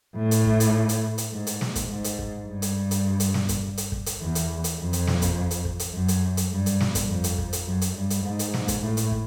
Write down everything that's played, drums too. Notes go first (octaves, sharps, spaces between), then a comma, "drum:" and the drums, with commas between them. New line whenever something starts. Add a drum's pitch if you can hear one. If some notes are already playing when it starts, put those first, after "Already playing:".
A2
drum: hi-hat
drum: kick
drum: hi-hat
drum: hi-hat
drum: hi-hat
G#2
drum: hi-hat
drum: snare
drum: kick, hi-hat
G#2
drum: hi-hat
drum: kick
G2
drum: hi-hat
drum: hi-hat
drum: hi-hat
drum: snare
drum: kick, hi-hat
drum: hi-hat
drum: kick
drum: hi-hat
E2
drum: hi-hat
drum: hi-hat
F2
drum: hi-hat
drum: snare
drum: kick, hi-hat
drum: hi-hat
drum: kick
drum: hi-hat
F#2
drum: hi-hat
drum: hi-hat
G2
drum: hi-hat
drum: snare
drum: kick, hi-hat
F2
drum: hi-hat
drum: kick
drum: hi-hat
F#2
drum: hi-hat
G2
drum: hi-hat
G#2
drum: hi-hat
drum: snare
drum: kick, hi-hat
A2
drum: hi-hat
drum: kick